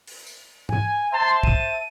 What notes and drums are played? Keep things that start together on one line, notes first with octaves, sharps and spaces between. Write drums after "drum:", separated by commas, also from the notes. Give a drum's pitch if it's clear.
drum: open hi-hat
drum: tambourine
G#5, drum: tom
C5 E5 A5 C6
D#7, drum: kick